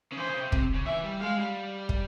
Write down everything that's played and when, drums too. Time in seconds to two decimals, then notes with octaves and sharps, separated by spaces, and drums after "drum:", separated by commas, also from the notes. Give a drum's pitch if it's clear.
0.12 C#3
0.18 E3 C5
0.30 C#3
0.41 C3
0.52 C3, drum: kick
0.75 C#3
0.86 E3 E5
1.04 G3
1.20 G#3 F5
1.38 G3
1.89 drum: kick